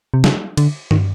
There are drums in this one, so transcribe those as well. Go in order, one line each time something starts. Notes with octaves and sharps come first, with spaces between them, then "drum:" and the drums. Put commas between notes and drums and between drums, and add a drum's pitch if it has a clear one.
C3
C#3, drum: snare
D3, drum: cymbal
D#3, drum: tom G2